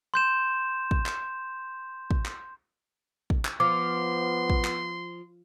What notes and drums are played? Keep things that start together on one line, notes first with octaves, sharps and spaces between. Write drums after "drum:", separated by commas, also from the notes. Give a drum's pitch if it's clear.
C6 G6 E7
drum: kick
drum: clap
drum: kick
drum: clap
drum: kick
drum: clap
F3 B3 C6 D6
drum: kick
drum: clap